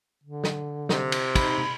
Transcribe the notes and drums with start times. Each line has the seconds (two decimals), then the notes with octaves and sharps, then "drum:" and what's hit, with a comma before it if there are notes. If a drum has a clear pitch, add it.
0.23 D3
0.44 drum: snare
0.89 C3, drum: snare
1.12 drum: cymbal
1.35 D#4 B5, drum: kick, cymbal
1.58 drum: tom